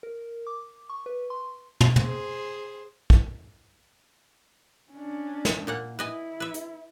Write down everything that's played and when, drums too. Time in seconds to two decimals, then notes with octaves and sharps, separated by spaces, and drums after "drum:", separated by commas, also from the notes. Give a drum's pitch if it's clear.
0.03 A#4
0.47 D6
0.89 C#6
1.06 B4
1.30 C6
1.81 drum: tom
1.96 G#4 C5, drum: tom
3.10 drum: kick
4.92 C#4 D4
5.45 drum: snare
5.67 A#2 A#3 F#5
5.99 E4 B4 D#5 G#5
6.40 B4 E5
6.54 drum: hi-hat